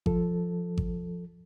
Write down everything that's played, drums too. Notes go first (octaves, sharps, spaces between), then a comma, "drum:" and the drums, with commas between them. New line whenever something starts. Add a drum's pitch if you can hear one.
F3 A4, drum: kick G#1
drum: kick G#1